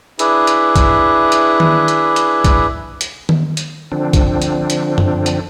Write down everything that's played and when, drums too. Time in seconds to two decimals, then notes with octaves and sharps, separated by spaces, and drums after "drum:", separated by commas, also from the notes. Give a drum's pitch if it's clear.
0.19 D4 E4 G#4 B4, drum: hi-hat
0.47 drum: hi-hat
0.76 drum: kick, hi-hat
1.32 drum: hi-hat
1.60 drum: tom D#3
1.88 drum: hi-hat
2.16 drum: hi-hat
2.44 drum: kick, hi-hat
3.01 drum: hi-hat
3.29 drum: tom D#3
3.57 drum: hi-hat
3.92 D3 F3 C4 D4
4.13 drum: kick, hi-hat
4.42 drum: hi-hat
4.70 drum: hi-hat
4.98 drum: tom F#2
5.26 drum: hi-hat